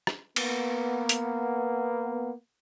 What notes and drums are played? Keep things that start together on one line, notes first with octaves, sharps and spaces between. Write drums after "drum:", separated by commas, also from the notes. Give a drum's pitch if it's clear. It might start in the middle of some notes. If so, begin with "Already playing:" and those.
drum: rim click
A#3 B3, drum: cymbal
drum: hi-hat